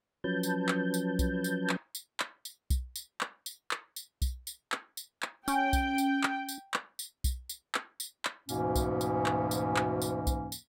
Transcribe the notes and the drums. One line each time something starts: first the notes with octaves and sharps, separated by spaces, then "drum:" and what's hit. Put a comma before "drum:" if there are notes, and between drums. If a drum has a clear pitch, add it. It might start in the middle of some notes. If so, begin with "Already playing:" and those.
F3 F#3 C#4 B4 A5 G6
drum: tambourine
drum: clap
drum: tambourine
drum: kick B1, tambourine
drum: tambourine
drum: clap
drum: tambourine
drum: clap
drum: tambourine
drum: kick B1, tambourine
drum: tambourine
drum: clap
drum: tambourine
drum: clap
drum: tambourine
drum: kick B1, tambourine
drum: tambourine
drum: clap
drum: tambourine
drum: clap
C#4 G5, drum: tambourine
drum: kick B1, tambourine
drum: tambourine
drum: clap
drum: tambourine
drum: clap
drum: tambourine
drum: kick B1, tambourine
drum: tambourine
drum: clap
drum: tambourine
drum: clap
D2 G#2 B2 E3 A#3 C#4, drum: tambourine
drum: kick B1, tambourine
drum: tambourine
drum: clap
drum: tambourine
drum: clap
drum: tambourine
drum: kick B1, tambourine
drum: tambourine